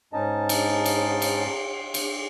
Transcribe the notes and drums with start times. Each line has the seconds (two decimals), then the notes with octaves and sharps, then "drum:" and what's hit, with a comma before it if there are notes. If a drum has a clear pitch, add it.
0.13 G#2 C#4 D#4 D#5 A5
0.49 drum: cymbal
0.86 drum: cymbal
1.22 drum: cymbal
1.94 drum: cymbal